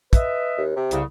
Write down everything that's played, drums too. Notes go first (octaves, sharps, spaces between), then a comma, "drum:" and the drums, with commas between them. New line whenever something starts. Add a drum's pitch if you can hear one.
B4 D#5 E5, drum: kick, hi-hat
D#2
C3
C2 C#3, drum: hi-hat